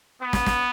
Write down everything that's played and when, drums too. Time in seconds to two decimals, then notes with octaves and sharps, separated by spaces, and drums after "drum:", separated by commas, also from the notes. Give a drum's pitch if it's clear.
0.20 B3
0.33 drum: snare
0.46 drum: snare